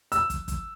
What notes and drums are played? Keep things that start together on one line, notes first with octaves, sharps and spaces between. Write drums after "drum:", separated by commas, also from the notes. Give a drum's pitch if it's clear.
E6, drum: hi-hat
drum: kick, hi-hat
drum: kick, hi-hat